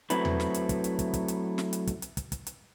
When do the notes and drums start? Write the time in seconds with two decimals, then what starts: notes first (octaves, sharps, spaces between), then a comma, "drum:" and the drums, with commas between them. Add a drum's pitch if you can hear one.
0.10 F#3 A3 C4 E4 B4, drum: hi-hat
0.25 drum: tom E2
0.40 drum: snare
0.54 drum: hi-hat
0.69 drum: kick, hi-hat
0.84 drum: hi-hat
0.99 drum: kick, hi-hat
1.14 drum: kick, hi-hat
1.28 drum: hi-hat
1.58 drum: snare
1.73 drum: hi-hat
1.87 drum: kick, hi-hat
2.02 drum: hi-hat
2.17 drum: kick, hi-hat
2.32 drum: kick, hi-hat
2.47 drum: hi-hat